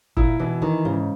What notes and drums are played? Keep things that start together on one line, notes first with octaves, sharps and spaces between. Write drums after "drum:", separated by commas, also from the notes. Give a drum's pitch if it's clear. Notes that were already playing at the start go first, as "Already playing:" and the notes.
A#2 E4, drum: kick G#1
B2 E3
D#3 E3
G#2 C#3